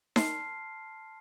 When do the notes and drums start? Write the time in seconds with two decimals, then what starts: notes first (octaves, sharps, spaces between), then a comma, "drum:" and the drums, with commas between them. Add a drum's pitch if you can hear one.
0.16 A5 C6 F6 C7, drum: snare D#4